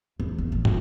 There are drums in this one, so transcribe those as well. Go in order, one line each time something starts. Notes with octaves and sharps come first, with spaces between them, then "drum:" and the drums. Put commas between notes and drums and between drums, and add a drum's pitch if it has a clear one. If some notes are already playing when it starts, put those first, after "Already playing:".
E2
A#3
A1
G#2, drum: tom